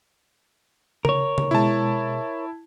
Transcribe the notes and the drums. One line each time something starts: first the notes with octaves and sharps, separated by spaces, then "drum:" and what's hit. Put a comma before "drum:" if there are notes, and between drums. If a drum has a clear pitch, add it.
A#4 C#5, drum: tom C#3
drum: tom C#3
B2 G#3 E4 A5